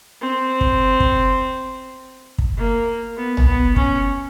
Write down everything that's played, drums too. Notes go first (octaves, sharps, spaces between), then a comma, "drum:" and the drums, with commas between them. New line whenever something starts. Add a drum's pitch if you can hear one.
C4
drum: kick
drum: kick
drum: kick
A#3
B3
drum: tom
B3
C#4, drum: kick